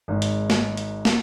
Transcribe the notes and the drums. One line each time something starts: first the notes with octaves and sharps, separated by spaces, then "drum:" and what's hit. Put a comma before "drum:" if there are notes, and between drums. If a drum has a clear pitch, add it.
G#1 G#2
drum: hi-hat
drum: snare
drum: hi-hat
drum: snare